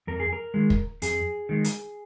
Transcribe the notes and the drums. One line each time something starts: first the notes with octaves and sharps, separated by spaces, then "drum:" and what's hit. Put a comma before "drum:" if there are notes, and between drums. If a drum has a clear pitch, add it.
F2 A#4
G#4
A#4
D#3 G#3
drum: kick
F2 G#4, drum: hi-hat
D#3 G#3
drum: hi-hat